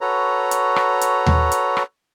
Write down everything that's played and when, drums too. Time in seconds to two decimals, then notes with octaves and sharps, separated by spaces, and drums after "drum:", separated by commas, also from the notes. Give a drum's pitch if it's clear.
0.01 F#4 A4 B4 C#5 A#5
0.51 drum: hi-hat
0.76 drum: rim click
1.01 drum: hi-hat
1.26 drum: tom D#2
1.52 drum: hi-hat
1.77 drum: rim click